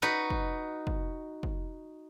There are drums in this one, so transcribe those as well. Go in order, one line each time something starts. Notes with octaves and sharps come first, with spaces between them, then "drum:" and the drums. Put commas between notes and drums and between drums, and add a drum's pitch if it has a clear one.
D#4 F#4 B4
drum: kick
drum: kick
drum: kick